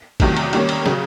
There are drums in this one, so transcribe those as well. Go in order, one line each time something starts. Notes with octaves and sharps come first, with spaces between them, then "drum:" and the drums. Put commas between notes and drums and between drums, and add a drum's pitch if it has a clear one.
E2 C3 D#3 F#3 A3, drum: kick, cymbal
drum: cymbal
D#3 G3 A#3 C#4, drum: cymbal
drum: cymbal
C#3 F#3, drum: snare